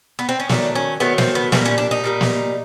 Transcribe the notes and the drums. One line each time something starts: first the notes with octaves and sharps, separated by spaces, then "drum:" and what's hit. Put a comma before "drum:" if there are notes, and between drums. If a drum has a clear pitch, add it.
B3
C4
C#4
D#3 F#3 A3 D4, drum: snare
C#4
D#3 F#3 A3 B3
C4, drum: snare
B3
A#2 G3 A#3 C4, drum: snare
C#4
D4
D#4
A#2 G3 A#3
drum: snare